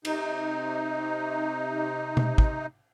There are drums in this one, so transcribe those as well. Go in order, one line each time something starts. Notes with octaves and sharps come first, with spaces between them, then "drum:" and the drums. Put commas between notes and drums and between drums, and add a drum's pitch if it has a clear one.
C3 D#4, drum: cymbal
drum: tom B2
drum: kick